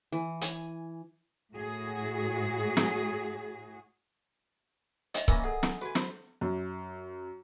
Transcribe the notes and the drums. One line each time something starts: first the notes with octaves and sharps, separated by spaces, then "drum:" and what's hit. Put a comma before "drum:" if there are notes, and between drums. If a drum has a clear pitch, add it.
E3
G#5, drum: hi-hat
A2 F#4 G#4
drum: snare
D#5 E5, drum: hi-hat
E3 A#3 C#4 A#4 E5 A#5, drum: kick C#1
G#4 A4 F#5
drum: snare
F#4 G#4 B4 G#5
C5 B5, drum: snare
F#2